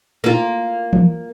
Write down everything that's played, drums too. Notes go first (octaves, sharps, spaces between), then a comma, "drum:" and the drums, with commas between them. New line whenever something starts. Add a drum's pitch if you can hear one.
A#3 F4
drum: tom E3